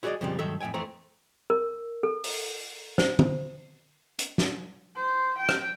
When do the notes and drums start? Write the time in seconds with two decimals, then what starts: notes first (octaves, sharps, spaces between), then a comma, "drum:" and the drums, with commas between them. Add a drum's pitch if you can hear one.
0.03 E4 F#4 G#4 C5 D5 D#5
0.21 F2 A#2 C#3 F3 G3
0.39 G2 D#3 F#3 A4 E5
0.60 F2 A2 E5 G5 G#5
0.74 F2 E3 A3 C4 A#5
1.50 A#4
2.03 A4
2.24 drum: open hi-hat
2.98 C5, drum: snare
3.19 drum: tom D3
4.19 drum: hi-hat
4.38 drum: snare
4.95 C5
5.38 G5
5.49 drum: rim click